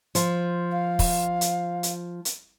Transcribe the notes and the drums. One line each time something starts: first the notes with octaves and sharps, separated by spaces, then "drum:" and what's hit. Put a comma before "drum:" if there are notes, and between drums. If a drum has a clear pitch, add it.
F3, drum: hi-hat
F5
drum: kick, open hi-hat
drum: hi-hat
drum: hi-hat
drum: hi-hat